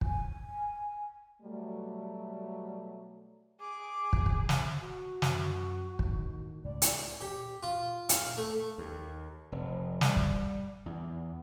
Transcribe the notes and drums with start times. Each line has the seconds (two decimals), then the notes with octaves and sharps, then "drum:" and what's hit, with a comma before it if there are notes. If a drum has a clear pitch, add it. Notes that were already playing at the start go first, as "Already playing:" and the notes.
0.01 G#5, drum: kick
1.42 B2 F#3 G3 A3
3.60 G#4 D6
4.13 drum: kick
4.26 drum: kick
4.49 drum: snare
4.81 F#4
5.22 F#2, drum: snare
5.99 A2 D#3, drum: kick
6.65 C#2 A2 D5
6.82 drum: hi-hat
7.21 G4
7.63 F4
8.09 F5, drum: hi-hat
8.37 A3
8.78 D#2
9.52 F1
10.01 G3, drum: snare
10.16 drum: kick
10.86 E2